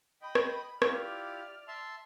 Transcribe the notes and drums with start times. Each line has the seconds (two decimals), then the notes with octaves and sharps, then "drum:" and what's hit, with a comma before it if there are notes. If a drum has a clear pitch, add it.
0.22 D#5 G5 B5
0.35 drum: rim click
0.82 E4 F4 G4 D5 F6, drum: rim click
1.68 E5 A5 C6